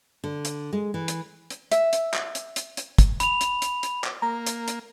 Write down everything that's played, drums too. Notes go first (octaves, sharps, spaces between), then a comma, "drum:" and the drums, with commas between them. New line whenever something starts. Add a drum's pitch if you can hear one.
D3
drum: hi-hat
G#3
E3
drum: hi-hat
drum: hi-hat
E5, drum: hi-hat
drum: hi-hat
drum: clap
drum: hi-hat
drum: hi-hat
drum: hi-hat
drum: kick, hi-hat
B5 F7, drum: hi-hat
drum: hi-hat
drum: hi-hat
drum: hi-hat
drum: clap
A#3 A#5
drum: hi-hat
drum: hi-hat